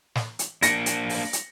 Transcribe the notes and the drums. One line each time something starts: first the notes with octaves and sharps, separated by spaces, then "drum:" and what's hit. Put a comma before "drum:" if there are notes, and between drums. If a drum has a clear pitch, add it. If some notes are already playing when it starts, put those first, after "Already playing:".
drum: snare
drum: hi-hat
A#3 D4 A#6 C#7, drum: hi-hat
drum: hi-hat
drum: open hi-hat
drum: hi-hat